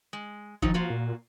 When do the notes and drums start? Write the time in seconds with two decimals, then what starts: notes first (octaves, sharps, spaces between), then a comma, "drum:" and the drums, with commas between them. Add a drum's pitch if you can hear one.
0.13 G#3
0.62 D#3 F3 F#3 D#4, drum: kick
0.74 A#3 F4 F#4
0.90 A#2